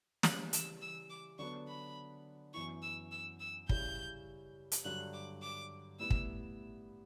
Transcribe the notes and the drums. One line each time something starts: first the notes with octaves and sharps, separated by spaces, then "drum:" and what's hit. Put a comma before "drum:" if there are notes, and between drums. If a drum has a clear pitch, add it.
C#3 E3 G3 F#6, drum: snare
E6, drum: hi-hat
E6
D6
D3 F#3 B3 D4 C#6
B5
F#2 E3 B3 E4 C#6
E6
E6
E6
C#3 G3 C#4 E4 G6, drum: kick
drum: hi-hat
G2 D3 F#3 F#6
D6
D6
A2 G3 B3 E4 E6
drum: kick